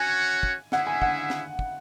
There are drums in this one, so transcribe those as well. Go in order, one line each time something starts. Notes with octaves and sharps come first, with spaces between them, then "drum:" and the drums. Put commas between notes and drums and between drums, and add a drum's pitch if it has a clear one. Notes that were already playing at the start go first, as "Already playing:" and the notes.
Already playing: C#4 F#4 C#5 F#5 G#5
drum: kick
C#4 E4 G#4 E5 F#5, drum: snare
G#5
F#5, drum: kick
drum: snare
drum: kick